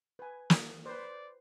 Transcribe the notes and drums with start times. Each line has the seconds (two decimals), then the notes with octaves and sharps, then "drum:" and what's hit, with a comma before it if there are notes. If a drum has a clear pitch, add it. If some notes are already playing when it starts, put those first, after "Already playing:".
0.19 B4 G#5
0.50 drum: snare
0.86 B4 C5 D5